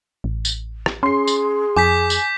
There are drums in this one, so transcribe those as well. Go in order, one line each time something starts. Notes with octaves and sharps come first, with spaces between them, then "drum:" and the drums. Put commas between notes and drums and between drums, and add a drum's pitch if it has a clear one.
A1
drum: tambourine
drum: rim click
C#4 G#4 C6 C7
drum: tambourine
F2 G#5 D6 G6 B6
drum: tambourine